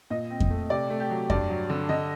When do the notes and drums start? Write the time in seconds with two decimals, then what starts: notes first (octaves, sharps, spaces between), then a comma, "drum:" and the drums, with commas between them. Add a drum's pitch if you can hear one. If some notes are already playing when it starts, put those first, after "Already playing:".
0.10 A#2 D#5
0.30 C4
0.40 drum: kick F2
0.50 A3
0.70 C3 D5
0.90 A3
1.00 G4
1.10 F#3
1.30 G2 D5, drum: kick F2
1.50 F#3
1.70 D3
1.89 D3 D#5